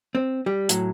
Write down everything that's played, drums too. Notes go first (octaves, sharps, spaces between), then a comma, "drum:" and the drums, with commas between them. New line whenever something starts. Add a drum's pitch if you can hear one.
C4
G3 G4
A2 F#3, drum: hi-hat